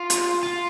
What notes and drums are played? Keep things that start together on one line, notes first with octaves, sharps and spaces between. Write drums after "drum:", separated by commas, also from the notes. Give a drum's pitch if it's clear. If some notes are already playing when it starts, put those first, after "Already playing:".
Already playing: F4
drum: hi-hat
F4